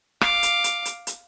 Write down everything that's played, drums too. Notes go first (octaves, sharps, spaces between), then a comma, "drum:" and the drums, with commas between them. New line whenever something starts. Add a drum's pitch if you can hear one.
F5 D6, drum: rim click
drum: hi-hat
drum: hi-hat
drum: hi-hat
drum: hi-hat